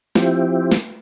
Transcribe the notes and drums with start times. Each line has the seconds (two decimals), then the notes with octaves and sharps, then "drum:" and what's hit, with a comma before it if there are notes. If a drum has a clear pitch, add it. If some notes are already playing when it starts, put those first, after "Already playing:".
0.15 F3 C4 E4 G4, drum: snare
0.72 drum: snare